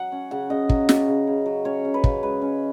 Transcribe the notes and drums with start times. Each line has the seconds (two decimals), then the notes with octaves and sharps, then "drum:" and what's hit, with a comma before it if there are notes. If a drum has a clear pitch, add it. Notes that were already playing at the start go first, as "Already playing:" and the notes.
Already playing: F#3 F#5
0.12 C#4
0.31 C#3 F#5
0.50 C#3 D#5
0.69 F#3, drum: kick
0.89 C#4, drum: snare
1.08 C#3
1.27 C#3
1.46 F#3
1.65 C#4 C#5
1.85 C#3
1.94 B4
2.04 C#3, drum: kick
2.23 G#3 B4
2.42 C#4